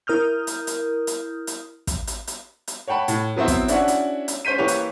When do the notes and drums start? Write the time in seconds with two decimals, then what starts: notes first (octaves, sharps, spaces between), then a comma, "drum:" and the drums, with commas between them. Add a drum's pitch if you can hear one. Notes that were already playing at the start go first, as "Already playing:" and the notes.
0.07 E4 A#4 D#6 F6 G6
0.47 drum: hi-hat
0.67 drum: hi-hat
1.07 drum: hi-hat
1.47 drum: hi-hat
1.87 drum: kick, hi-hat
2.07 drum: hi-hat
2.27 drum: hi-hat
2.68 drum: hi-hat
2.88 C#5 F#5 G5 A5 B5
3.08 A2, drum: hi-hat
3.36 F#3 B3 C4 E4 C5
3.48 drum: kick, hi-hat
3.68 C#4 D4 E4 F#4 E5 F#5, drum: hi-hat
3.88 drum: hi-hat
4.28 drum: hi-hat
4.45 C#4 C5 G6 B6 D#7
4.58 E3 A#3 G4 B4 C#5
4.68 drum: hi-hat